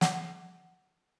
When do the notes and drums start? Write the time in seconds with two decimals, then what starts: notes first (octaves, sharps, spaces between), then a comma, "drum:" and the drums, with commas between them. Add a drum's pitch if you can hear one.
0.01 F#5, drum: snare